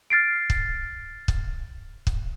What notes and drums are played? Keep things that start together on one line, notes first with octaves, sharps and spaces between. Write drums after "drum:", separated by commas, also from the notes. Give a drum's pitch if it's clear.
F6 A6 C7 D7
drum: kick
drum: kick
drum: kick